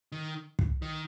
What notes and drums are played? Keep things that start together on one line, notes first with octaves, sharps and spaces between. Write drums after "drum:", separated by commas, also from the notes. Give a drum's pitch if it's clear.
D#3
drum: kick
D#3